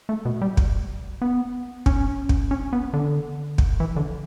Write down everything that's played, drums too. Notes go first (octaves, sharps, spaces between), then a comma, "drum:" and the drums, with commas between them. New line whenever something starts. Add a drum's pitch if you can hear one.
A3
B2
G3
drum: kick
B3
C#4, drum: kick
drum: kick
C#4
B3
D3
drum: kick
E3
D3